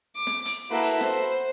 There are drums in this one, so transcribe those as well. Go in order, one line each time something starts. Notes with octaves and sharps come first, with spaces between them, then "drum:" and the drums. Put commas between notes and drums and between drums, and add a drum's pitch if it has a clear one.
D6
drum: snare
drum: hi-hat
A#3 E4 F#4 A4 B4
drum: hi-hat
C5, drum: snare